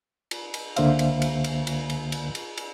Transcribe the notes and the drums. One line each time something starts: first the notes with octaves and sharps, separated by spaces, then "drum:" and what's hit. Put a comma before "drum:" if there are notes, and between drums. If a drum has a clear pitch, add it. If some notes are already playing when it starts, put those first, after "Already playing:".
drum: cymbal
drum: cymbal
C#2 D3 A#3 C5 E5 F5, drum: cymbal
drum: cymbal
drum: cymbal
drum: cymbal
drum: cymbal
drum: cymbal
drum: cymbal
drum: cymbal
drum: cymbal